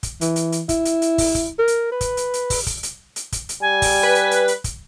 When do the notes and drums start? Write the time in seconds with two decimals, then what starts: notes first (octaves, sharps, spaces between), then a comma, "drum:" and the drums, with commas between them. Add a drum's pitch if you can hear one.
0.03 drum: kick, hi-hat
0.21 E3, drum: hi-hat
0.36 drum: hi-hat
0.52 drum: hi-hat
0.69 E4, drum: kick, hi-hat
0.85 drum: hi-hat
1.02 drum: hi-hat
1.18 drum: kick, open hi-hat
1.35 drum: kick, hi-hat
1.58 A#4
1.68 drum: hi-hat
1.91 B4
2.01 drum: kick, hi-hat
2.17 drum: hi-hat
2.34 drum: hi-hat
2.50 drum: kick, open hi-hat
2.67 drum: kick, hi-hat
2.83 drum: hi-hat
3.16 drum: hi-hat
3.32 drum: kick, hi-hat
3.49 drum: hi-hat
3.61 G3 G#5
3.82 drum: kick, open hi-hat
4.03 B4
4.15 drum: hi-hat
4.31 drum: hi-hat
4.48 drum: hi-hat
4.64 drum: kick, hi-hat